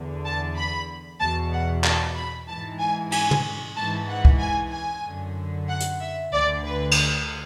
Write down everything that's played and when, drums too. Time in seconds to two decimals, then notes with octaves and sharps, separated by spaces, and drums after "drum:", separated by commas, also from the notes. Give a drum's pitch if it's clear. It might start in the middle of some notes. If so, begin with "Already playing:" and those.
Already playing: E2 D3
0.24 A5
0.57 B5
1.21 E2 B2 A5
1.52 F#5
1.84 A5, drum: clap
2.17 B5
2.48 G#2 E3 A5
2.80 G#5
3.12 G#5, drum: cymbal
3.31 drum: tom
3.76 G#2 E3 A5
4.09 F#5
4.25 drum: kick
4.40 G#5
4.73 G#5
5.04 F#2 D3
5.69 F#5
5.80 drum: hi-hat
6.00 E5
6.32 D2 D3 D5
6.64 B4
6.91 drum: cymbal